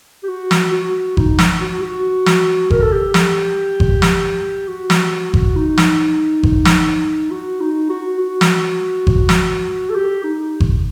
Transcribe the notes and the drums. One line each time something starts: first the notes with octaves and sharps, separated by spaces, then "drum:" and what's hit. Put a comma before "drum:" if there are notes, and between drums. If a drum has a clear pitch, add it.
G4
F#4
drum: snare
F#4
D#4, drum: kick G1
drum: snare
F#4
F#4
drum: snare
A#4, drum: kick G1
A4
G4
drum: snare
drum: kick G1
drum: snare
F#4
drum: snare
drum: kick G1
D#4
drum: snare
drum: kick G1
drum: snare
F#4
D#4
F#4
F#4
drum: snare
drum: kick G1
drum: snare
A4
G4
D#4
drum: kick G1